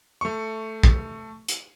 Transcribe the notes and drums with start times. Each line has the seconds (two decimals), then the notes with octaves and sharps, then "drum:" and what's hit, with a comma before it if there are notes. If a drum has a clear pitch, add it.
0.21 A3 C#6
0.83 drum: kick
1.48 drum: hi-hat